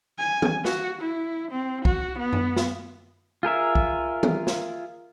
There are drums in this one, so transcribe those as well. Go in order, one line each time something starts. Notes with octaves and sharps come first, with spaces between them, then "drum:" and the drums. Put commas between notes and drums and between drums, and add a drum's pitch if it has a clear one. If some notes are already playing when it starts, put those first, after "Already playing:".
G#5
drum: tom E3
F#4, drum: snare
E4
C4
F#4, drum: kick
B3
drum: tom F#2
drum: snare
F4 G#4 A#4 E5
drum: kick
drum: tom E3
drum: snare